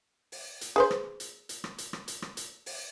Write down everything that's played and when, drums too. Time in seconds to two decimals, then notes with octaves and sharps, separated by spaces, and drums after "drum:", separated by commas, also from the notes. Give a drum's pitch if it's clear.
0.32 drum: open hi-hat
0.61 drum: hi-hat
0.76 G#4 B4 C5
0.91 drum: rim click
1.20 drum: hi-hat
1.49 drum: hi-hat
1.64 drum: rim click
1.78 drum: hi-hat
1.93 drum: rim click
2.08 drum: hi-hat
2.22 drum: rim click
2.37 drum: hi-hat
2.66 drum: open hi-hat